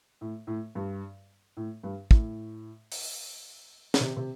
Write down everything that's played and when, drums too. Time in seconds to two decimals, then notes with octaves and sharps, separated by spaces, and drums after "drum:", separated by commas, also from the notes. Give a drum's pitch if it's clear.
0.21 A2
0.47 A2
0.75 G2
1.57 A2
1.83 G2
2.11 A2, drum: kick
2.92 drum: open hi-hat
3.94 D#3, drum: snare
4.00 C3
4.17 C3